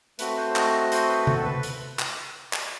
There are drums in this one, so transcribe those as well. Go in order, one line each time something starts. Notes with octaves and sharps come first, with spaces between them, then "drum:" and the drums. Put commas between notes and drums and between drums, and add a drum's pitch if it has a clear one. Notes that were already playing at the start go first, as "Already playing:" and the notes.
A3 C4 F#4 B4, drum: hi-hat
C5
D#5, drum: clap
C5, drum: hi-hat
B4
A4, drum: tom C3
A4
B4
drum: hi-hat
drum: clap
drum: clap